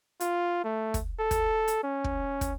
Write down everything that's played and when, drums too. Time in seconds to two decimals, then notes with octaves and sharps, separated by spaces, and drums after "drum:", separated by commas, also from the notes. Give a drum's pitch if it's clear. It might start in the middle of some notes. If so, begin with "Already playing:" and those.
0.20 F4, drum: hi-hat
0.64 A3
0.94 drum: kick, hi-hat
1.19 A4
1.31 drum: kick, hi-hat
1.68 drum: hi-hat
1.84 C#4
2.04 drum: kick
2.41 drum: kick, hi-hat